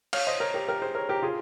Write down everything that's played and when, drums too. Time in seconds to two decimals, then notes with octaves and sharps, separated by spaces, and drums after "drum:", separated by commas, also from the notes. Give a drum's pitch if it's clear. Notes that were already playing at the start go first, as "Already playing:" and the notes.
0.13 C#5 F5, drum: cymbal
0.27 C5 D#5
0.40 A#4 C#5
0.54 G4 A#4
0.68 G4 A#4
0.82 G#4 C5
0.95 A#4 C#5
1.09 G4 A#4
1.22 F4 G#4